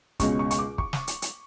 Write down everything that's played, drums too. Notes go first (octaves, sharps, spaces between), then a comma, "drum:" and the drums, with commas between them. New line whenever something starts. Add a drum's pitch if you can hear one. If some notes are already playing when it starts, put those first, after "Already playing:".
C#2 B2 G#3 C#4 C#6, drum: kick, hi-hat
C#6
C#6, drum: hi-hat
D6
C#6, drum: kick
drum: snare
drum: hi-hat
drum: hi-hat